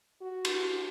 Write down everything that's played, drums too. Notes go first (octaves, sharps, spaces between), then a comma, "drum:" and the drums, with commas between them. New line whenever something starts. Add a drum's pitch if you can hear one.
F#4
drum: cymbal